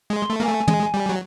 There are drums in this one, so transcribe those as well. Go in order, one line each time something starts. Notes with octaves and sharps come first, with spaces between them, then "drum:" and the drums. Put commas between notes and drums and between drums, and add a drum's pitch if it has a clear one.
G#3
C6
A3
A#3 G#5
A3
G#3, drum: tom
G3
F#3